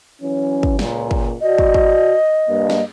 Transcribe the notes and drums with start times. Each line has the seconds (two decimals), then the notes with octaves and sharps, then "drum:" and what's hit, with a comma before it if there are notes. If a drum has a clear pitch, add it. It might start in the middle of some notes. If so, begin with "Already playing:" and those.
0.21 E3 F#3 C#4
0.63 drum: kick
0.79 C#2 A#2, drum: snare
1.11 drum: kick
1.41 F#4 D5 D#5
1.58 drum: kick
1.74 drum: kick
2.47 G2 A#3
2.70 drum: snare